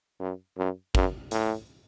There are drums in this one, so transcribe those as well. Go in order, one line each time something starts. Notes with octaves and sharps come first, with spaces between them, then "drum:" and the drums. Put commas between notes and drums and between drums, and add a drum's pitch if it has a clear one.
F#2
F#2
F#2, drum: kick
A2, drum: hi-hat